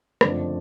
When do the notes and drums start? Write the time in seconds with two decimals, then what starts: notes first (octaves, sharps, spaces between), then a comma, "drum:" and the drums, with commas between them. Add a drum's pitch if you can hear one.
0.21 F#1 F2 D3 F3 A3 D5, drum: rim click